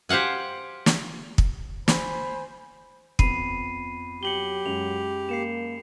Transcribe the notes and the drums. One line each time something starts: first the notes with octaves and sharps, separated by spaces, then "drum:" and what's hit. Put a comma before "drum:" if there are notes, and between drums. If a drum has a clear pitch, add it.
G4 C5 F5 F#5 G#5
drum: snare
drum: kick
C5 G#5 B5, drum: snare
F2 B3 B5 C7 D#7, drum: kick
F#3 G4 C#7 F#7 G7
F#2 G#3 F7
A#3 C7 C#7 E7